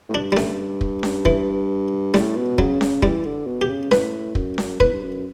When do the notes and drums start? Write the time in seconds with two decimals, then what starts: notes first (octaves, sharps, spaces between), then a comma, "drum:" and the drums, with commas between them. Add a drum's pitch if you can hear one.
0.09 A2
0.14 G2 D4
0.32 G3
0.37 A3, drum: snare C#4
0.81 drum: kick
1.03 drum: snare C#4
1.25 E3, drum: kick
2.14 A2 G3, drum: snare C#4
2.36 B2
2.58 C#3 F#3, drum: kick
2.81 C#3, drum: snare C#4
3.02 E3 G3, drum: kick
3.25 D3
3.47 B2
3.61 G4
3.69 C#3
3.91 A2 B4, drum: snare C#4
4.35 F#2, drum: kick
4.58 drum: snare C#4
4.80 E2 B4, drum: kick
4.92 G2
5.02 F#2